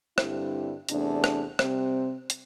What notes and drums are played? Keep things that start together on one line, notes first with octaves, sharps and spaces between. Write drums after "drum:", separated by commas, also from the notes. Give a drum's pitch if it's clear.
G2 D3 G3 C4 E4, drum: rim click
E2 C3 A3 D4, drum: hi-hat
drum: rim click
C3 G3 C4, drum: rim click
drum: hi-hat